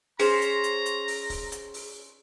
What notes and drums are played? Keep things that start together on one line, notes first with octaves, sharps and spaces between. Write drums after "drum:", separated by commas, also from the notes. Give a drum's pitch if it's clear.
C#4 G#4 C5 A#5, drum: open hi-hat
drum: hi-hat
drum: hi-hat
drum: hi-hat
drum: open hi-hat
drum: kick, open hi-hat
drum: hi-hat
drum: open hi-hat